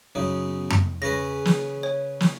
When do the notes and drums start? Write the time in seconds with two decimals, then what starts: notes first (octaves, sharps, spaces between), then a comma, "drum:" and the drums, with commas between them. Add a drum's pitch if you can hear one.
0.15 F#2 C#3 D#4
0.45 B3
0.70 drum: tom F2
1.02 C#3 C#4 G#4 B4 A#6
1.45 drum: snare
1.83 C#5
2.20 drum: snare